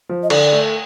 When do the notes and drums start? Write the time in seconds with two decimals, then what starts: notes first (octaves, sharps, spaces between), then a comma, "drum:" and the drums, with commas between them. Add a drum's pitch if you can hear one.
0.09 F3
0.23 D#5
0.30 D3 D5, drum: cymbal
0.52 A3